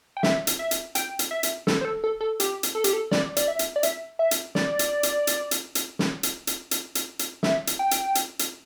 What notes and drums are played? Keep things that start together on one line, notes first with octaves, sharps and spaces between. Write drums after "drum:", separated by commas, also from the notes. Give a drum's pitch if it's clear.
G5
E5, drum: snare
drum: hi-hat
E5
drum: hi-hat
G5, drum: hi-hat
drum: hi-hat
E5
drum: hi-hat
A4, drum: snare
C5
A4
A4
A4
G4, drum: hi-hat
drum: hi-hat
A4
G4, drum: hi-hat
A4
D5, drum: snare
D5, drum: hi-hat
E5
drum: hi-hat
D5
E5, drum: hi-hat
E5
drum: hi-hat
D5, drum: snare
drum: hi-hat
drum: hi-hat
drum: hi-hat
drum: hi-hat
drum: hi-hat
drum: snare
drum: hi-hat
drum: hi-hat
drum: hi-hat
drum: hi-hat
drum: hi-hat
E5, drum: snare
drum: hi-hat
G5
drum: hi-hat
drum: hi-hat
drum: hi-hat